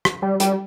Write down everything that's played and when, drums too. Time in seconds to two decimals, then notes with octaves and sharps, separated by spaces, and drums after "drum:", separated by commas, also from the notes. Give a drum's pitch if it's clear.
0.05 drum: rim click
0.22 G3
0.40 G3, drum: hi-hat